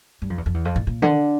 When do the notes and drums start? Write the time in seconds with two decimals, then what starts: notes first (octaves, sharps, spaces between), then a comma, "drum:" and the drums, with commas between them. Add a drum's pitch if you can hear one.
0.22 G2
0.30 F2
0.38 E2
0.46 F2
0.54 E2
0.65 F2
0.76 A2
0.87 A#2
1.02 D3, drum: tom D3